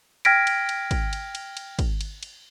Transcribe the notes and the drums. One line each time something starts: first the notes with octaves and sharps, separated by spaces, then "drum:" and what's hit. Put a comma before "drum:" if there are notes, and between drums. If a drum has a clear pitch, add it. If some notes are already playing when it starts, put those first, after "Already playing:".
G5 F6 G#6 A#6 B6 D7, drum: cymbal
drum: cymbal
drum: cymbal
drum: kick, cymbal
drum: cymbal
drum: cymbal
drum: cymbal
drum: kick, cymbal
drum: cymbal
drum: cymbal